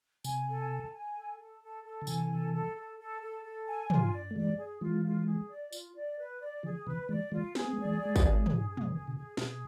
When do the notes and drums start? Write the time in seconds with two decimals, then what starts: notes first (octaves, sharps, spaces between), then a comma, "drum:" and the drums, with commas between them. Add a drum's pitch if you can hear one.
0.24 C3 G#5, drum: tambourine
0.47 A4
0.71 G#5
0.93 G#5
1.16 A4
1.39 A4
1.62 A4
1.84 A4
2.02 D3
2.07 C3 E3 G#5, drum: tambourine
2.30 A4
2.53 A4
2.76 A4
2.99 A4
3.21 A4
3.45 A4
3.68 G#5
3.90 D3 F3 F4, drum: tom
4.12 D5
4.31 A3
4.36 E3 G#3 D5
4.58 G#4
4.81 E3 G#3 F4
5.04 F4
5.26 G#4
5.49 D5
5.72 F4, drum: tambourine
5.96 D5
6.18 B4
6.41 D5
6.63 D3 F3 G#4
6.87 C3 E3 B4
7.09 E3 G#3 D5
7.32 E3 G#3 F4
7.55 B3 G#4, drum: snare
7.65 C4
7.73 G#3 B3
7.78 D5
7.85 E3 G#3
8.00 G#4
8.05 G#3
8.16 D3 F3, drum: kick, tambourine
8.23 G#4
8.35 G#3
8.46 D3 F3 G#4, drum: tom
8.70 G#4
8.77 C3, drum: tom
8.85 B2
8.92 C3 G#4
9.07 B2 D3
9.15 G#4
9.37 B2 G#4, drum: snare